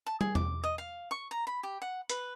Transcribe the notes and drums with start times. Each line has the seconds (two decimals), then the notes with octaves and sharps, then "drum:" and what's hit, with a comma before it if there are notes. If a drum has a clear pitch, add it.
0.06 A5
0.21 G#4, drum: tom
0.35 D6, drum: tom E2
0.64 D#5
0.78 F5
1.11 C#6
1.31 A#5
1.47 B5
1.63 G4
1.82 F#5
2.09 B4, drum: hi-hat